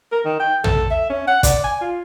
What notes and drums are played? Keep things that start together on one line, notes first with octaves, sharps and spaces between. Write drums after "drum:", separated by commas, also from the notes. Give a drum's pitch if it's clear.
A#4
D#3
G5
A4, drum: tom
E5
C#4
F#5
D5, drum: kick, hi-hat
G#5
F4